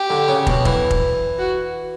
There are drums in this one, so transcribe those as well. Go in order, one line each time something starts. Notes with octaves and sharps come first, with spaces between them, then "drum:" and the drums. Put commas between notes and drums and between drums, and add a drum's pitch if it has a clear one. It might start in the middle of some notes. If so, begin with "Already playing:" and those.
Already playing: G4
D3
C#3
B2, drum: kick
E3, drum: kick
drum: kick
F#4